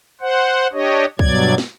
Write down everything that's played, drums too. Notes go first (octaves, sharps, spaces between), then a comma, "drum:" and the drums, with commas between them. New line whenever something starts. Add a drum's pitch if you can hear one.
C5 F#5
D4 G4 C#5 D#5
G2 B2 F#3 D5 G#6, drum: kick
drum: snare